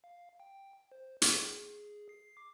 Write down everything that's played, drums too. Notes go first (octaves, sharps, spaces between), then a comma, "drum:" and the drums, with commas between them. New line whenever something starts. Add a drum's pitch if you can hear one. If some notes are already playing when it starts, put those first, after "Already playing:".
F5
G5
C5
G#4, drum: hi-hat
C7
D6